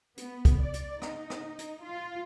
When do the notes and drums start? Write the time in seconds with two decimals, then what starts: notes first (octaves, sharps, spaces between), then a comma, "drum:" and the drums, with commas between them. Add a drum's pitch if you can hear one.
0.17 B3, drum: hi-hat
0.45 drum: kick, hi-hat
0.62 D5
0.73 drum: hi-hat
1.02 D#4, drum: rim click
1.30 drum: rim click
1.58 drum: hi-hat
1.81 F4